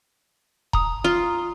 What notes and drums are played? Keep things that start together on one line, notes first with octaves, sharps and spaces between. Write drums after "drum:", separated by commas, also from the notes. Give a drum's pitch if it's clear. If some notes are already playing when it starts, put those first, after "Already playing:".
A#5 D#6, drum: kick D#1
F4